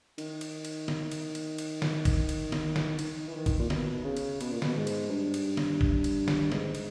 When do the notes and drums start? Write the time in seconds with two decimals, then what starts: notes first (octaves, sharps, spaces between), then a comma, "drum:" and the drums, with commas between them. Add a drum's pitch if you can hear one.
0.18 D#3, drum: cymbal
0.41 drum: cymbal
0.65 drum: cymbal
0.88 drum: snare
1.12 drum: cymbal
1.35 drum: cymbal
1.58 drum: cymbal
1.82 drum: snare
2.05 drum: kick, cymbal
2.29 drum: cymbal
2.52 drum: snare
2.76 drum: snare
2.99 D#3, drum: cymbal
3.28 E3
3.35 D#3
3.46 drum: kick, cymbal
3.59 A#2
3.70 B2, drum: snare
4.04 C#3
4.17 drum: cymbal
4.41 B2, drum: cymbal
4.51 A#2
4.62 B2, drum: snare
4.76 G#2
4.87 drum: cymbal
5.10 G2
5.34 drum: cymbal
5.57 drum: snare
5.81 drum: kick
6.04 drum: cymbal
6.28 drum: snare
6.52 G#2, drum: snare
6.75 drum: cymbal